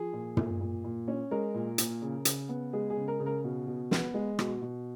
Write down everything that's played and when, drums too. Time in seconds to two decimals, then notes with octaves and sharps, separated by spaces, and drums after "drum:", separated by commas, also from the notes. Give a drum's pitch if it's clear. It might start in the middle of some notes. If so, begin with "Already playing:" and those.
Already playing: F3 G#4
0.13 A#2
0.37 A#2, drum: tom
0.60 A#2
0.84 A#2
1.08 C#4
1.31 G#3 A#4
1.54 A#2
1.78 A#2, drum: hi-hat
2.02 C#3
2.25 C#3, drum: hi-hat
2.49 B3
2.73 G#3 G#4
2.90 G#4
2.97 C#3
3.08 A#4
3.20 C#3
3.26 A#4
3.44 B2
3.67 B2
3.91 B3, drum: snare
4.14 G#3
4.39 B2, drum: rim click
4.62 B2